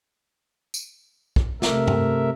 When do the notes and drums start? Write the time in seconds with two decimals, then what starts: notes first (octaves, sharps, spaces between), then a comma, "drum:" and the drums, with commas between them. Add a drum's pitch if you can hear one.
0.74 drum: tambourine
1.36 drum: kick
1.62 C3 A3 A#4 E5, drum: snare
1.88 drum: tom G2